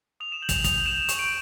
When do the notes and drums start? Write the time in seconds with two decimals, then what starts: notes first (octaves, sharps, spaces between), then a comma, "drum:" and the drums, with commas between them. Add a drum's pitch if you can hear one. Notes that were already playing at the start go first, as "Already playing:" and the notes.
0.20 D#6 F7
0.32 E7
0.42 G6 F#7
0.49 F7, drum: kick, hi-hat
0.54 F#7
0.64 D#6 F7, drum: kick, hi-hat
0.86 G6 E7
1.09 C#6, drum: hi-hat
1.19 D7